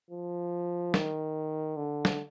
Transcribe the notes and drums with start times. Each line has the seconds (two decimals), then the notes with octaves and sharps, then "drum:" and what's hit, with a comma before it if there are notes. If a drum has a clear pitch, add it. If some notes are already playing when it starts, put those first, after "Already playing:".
0.11 F3
0.94 D#3, drum: snare
1.77 D3
2.05 drum: snare